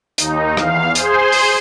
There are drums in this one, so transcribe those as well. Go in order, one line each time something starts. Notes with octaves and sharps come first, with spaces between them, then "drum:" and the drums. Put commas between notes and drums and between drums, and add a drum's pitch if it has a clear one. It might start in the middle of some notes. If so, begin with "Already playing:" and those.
D#2 D#4, drum: hi-hat
E2 F5, drum: rim click
G#4 C5 C6, drum: hi-hat
drum: open hi-hat